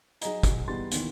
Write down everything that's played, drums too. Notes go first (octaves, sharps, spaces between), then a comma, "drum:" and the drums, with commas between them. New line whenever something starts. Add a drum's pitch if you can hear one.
F#3 D#4 G#4 D#5 A#5, drum: hi-hat
drum: kick, hi-hat
G#2 E3 G3 B3 C6 A6
D#2 B2 D#3 E3, drum: hi-hat